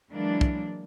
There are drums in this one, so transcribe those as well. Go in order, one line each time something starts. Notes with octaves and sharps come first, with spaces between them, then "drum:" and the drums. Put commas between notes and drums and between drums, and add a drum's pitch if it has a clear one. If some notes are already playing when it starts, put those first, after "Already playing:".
E3 F#3 G#3 A#3 D4
drum: kick